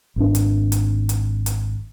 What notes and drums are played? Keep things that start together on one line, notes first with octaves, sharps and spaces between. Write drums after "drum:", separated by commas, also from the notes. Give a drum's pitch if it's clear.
G#1 C3 D4
drum: hi-hat
drum: hi-hat
drum: hi-hat
drum: hi-hat